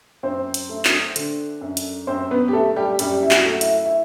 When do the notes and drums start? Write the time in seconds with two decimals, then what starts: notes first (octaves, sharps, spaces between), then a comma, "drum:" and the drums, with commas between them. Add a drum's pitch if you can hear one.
0.23 F#2 C4 C5
0.54 drum: hi-hat
0.69 A3
0.85 drum: clap
1.16 D3, drum: hi-hat
1.61 F#2
1.77 drum: hi-hat
2.07 F#2 C4 C5
2.31 B3 B4
2.48 G4
2.53 A3 A4
2.76 G3 G4
2.99 F#2 G3 G4, drum: hi-hat
3.23 E4
3.31 F#4, drum: clap
3.46 A3
3.61 E4, drum: hi-hat
3.86 E4